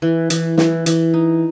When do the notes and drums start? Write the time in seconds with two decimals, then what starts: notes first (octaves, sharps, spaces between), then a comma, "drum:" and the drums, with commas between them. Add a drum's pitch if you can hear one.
0.02 E3
0.30 E3, drum: hi-hat
0.58 E3, drum: snare
0.86 E3, drum: hi-hat
1.14 D#4